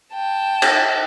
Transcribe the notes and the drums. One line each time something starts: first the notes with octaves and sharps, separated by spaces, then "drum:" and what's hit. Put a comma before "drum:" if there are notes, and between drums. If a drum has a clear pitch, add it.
G5 A5
drum: cymbal